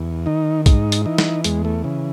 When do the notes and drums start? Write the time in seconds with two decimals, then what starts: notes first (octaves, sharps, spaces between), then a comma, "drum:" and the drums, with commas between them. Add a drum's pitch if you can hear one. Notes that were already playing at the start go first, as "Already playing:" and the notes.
Already playing: E2
0.26 D#3 D#4
0.66 G#2 D#4, drum: kick B1, hi-hat
0.92 drum: hi-hat
1.06 E3 D#4
1.18 drum: snare
1.44 E2 G#3, drum: hi-hat
1.65 A3
1.84 C#3 E3